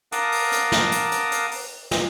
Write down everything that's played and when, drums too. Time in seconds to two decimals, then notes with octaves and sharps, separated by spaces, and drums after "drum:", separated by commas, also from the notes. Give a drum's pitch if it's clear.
0.12 A#4 F5 F#5 A5 D6 D#6, drum: hi-hat
0.32 drum: open hi-hat
0.52 drum: hi-hat
0.72 drum: snare
0.92 drum: hi-hat
1.12 drum: hi-hat
1.32 drum: hi-hat
1.51 drum: open hi-hat
1.91 drum: snare